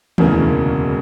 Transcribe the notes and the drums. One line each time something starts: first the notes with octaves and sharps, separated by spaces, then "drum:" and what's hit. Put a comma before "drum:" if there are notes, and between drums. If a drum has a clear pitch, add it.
E1 D2 C#3 E3 A#3, drum: tom D#3